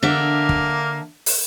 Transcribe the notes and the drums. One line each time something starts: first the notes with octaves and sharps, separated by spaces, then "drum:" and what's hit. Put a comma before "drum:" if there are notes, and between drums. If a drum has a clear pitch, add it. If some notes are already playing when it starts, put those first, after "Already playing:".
D3 A#3 D4 E5 F6
drum: kick
drum: open hi-hat